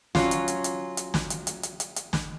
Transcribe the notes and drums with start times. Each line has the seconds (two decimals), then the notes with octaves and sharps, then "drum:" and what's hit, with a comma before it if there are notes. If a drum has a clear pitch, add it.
0.15 F#3 C#4 F4, drum: snare
0.31 drum: hi-hat
0.48 drum: hi-hat
0.64 drum: hi-hat
0.97 drum: hi-hat
1.14 drum: snare
1.30 drum: hi-hat
1.47 drum: hi-hat
1.63 drum: hi-hat
1.80 drum: hi-hat
1.96 drum: hi-hat
2.13 drum: snare